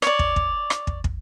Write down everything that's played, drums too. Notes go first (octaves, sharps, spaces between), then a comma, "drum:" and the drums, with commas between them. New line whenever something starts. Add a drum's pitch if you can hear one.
C#5 D5, drum: rim click
drum: kick
drum: kick
drum: rim click
drum: kick
drum: kick